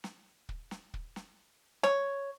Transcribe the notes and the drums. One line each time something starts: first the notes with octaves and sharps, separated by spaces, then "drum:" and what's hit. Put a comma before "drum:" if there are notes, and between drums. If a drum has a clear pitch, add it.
drum: snare
drum: kick
drum: snare
drum: kick
drum: snare
C#5, drum: snare